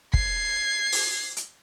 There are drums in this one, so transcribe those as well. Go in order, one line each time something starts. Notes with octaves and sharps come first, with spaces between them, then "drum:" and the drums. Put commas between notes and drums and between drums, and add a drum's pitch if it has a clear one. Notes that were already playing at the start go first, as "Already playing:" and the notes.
G#6 C7, drum: kick
drum: open hi-hat
drum: hi-hat